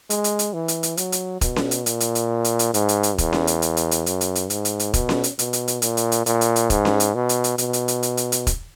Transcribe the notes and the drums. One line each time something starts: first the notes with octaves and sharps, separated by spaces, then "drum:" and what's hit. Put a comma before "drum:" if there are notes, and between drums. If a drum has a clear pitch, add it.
G#3, drum: hi-hat
drum: hi-hat
drum: hi-hat
E3
drum: hi-hat
drum: hi-hat
F#3, drum: hi-hat
drum: hi-hat
B2, drum: kick, hi-hat
drum: snare C#4
drum: hi-hat
A#2, drum: hi-hat
drum: hi-hat
drum: hi-hat
drum: hi-hat
drum: hi-hat
G#2, drum: hi-hat
drum: hi-hat
drum: hi-hat
E2, drum: kick, hi-hat
drum: snare C#4
drum: hi-hat
drum: hi-hat
drum: hi-hat
drum: hi-hat
F#2, drum: hi-hat
drum: hi-hat
drum: hi-hat
G#2, drum: hi-hat
drum: hi-hat
drum: hi-hat
B2, drum: kick, hi-hat
drum: snare C#4
drum: hi-hat
B2, drum: hi-hat
drum: hi-hat
drum: hi-hat
A#2, drum: hi-hat
drum: hi-hat
drum: hi-hat
A#2, drum: hi-hat
drum: hi-hat
drum: hi-hat
G#2, drum: kick, hi-hat
drum: snare C#4
drum: hi-hat
B2
drum: hi-hat
drum: hi-hat
B2, drum: hi-hat
drum: hi-hat
drum: hi-hat
drum: hi-hat
drum: hi-hat
drum: hi-hat
drum: kick, hi-hat